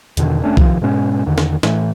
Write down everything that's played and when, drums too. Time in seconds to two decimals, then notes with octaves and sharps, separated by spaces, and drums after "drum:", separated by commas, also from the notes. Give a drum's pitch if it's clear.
0.17 E2 B2 D3 D#3, drum: hi-hat
0.44 E1 A3 C#4 D4
0.57 C3 D#3 F3, drum: kick
0.82 G#2 B2 G#3 C#4
1.26 E2 D3 D#3
1.38 drum: snare
1.63 A2 E3 A3, drum: snare